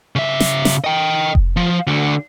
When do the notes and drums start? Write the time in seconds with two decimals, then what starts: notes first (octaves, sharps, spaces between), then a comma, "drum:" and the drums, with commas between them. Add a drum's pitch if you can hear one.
0.16 C#3 E5
0.40 drum: snare
0.65 drum: snare
0.84 D#5 G5
1.35 drum: kick F1
1.57 F3
1.87 D2 D3